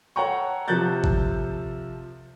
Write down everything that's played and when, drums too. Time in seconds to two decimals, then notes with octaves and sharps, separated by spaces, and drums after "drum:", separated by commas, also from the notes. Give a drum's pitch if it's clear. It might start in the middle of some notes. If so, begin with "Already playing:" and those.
0.16 A4 C#5 F#5 G5 A#5 C#6
0.68 C3 F3 A4 F#6 G6 A6
1.04 drum: kick